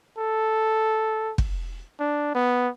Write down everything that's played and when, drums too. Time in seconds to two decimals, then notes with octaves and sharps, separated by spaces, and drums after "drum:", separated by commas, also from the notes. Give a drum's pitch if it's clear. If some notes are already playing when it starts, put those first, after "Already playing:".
0.18 A4
1.38 drum: kick
2.00 D4
2.35 B3